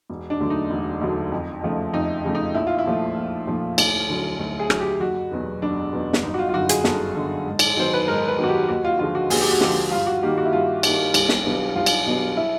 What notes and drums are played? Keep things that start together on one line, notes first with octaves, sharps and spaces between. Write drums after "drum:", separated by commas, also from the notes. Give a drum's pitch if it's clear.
E1
D4
D2 D3 F#3 A3
D#4
E1
D2 D3 F#3 A3
F2
C#3 F3 A3
F2 D#4
C#3 F3 A3
D#4
A#1 E4
F4
E4
A#2 F3 A3
A#1
A#2 F3 A3
D2, drum: cymbal
D3 F#3
D2
G#4
D3 F#3, drum: rim click
G4
F#1 F#4
E2 B2 F#3 B3
F#1 D4
E2 B2 F#3 B3
drum: snare
G1 D#4
F#4
F4
F4
F#2 D3 F#4
G#4, drum: hi-hat
G1 A4, drum: snare
F#2 D3
G#2
drum: cymbal
D#3 F#3 B3 C5
B4
G#2 A#4
B4
D#3 F#3 B3
F#4
G4
D#2 F#4
F4
D3 F3 G#3 F4
F#4
D#2 G#4, drum: open hi-hat
G4
F#4
D3 F3 G#3 G4, drum: snare
G2 F4
F#4
D#3 G3 A#3 G4
F#4
E4
G2 F4
D#3 G3 A#3, drum: cymbal
C2, drum: cymbal
drum: snare
B2 F#3 B3 D4
C2 F4
drum: cymbal
B2 F#3 B3 D4
E4